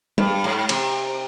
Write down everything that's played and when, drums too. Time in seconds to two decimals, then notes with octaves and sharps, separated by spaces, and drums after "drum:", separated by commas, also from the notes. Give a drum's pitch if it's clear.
0.18 G2, drum: tom G3
0.44 G#2
0.69 C3, drum: cymbal